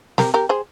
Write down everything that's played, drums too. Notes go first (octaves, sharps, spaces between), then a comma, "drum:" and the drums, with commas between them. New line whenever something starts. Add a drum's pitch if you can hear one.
G4 A#4, drum: snare
G4 A#4
G#4 C5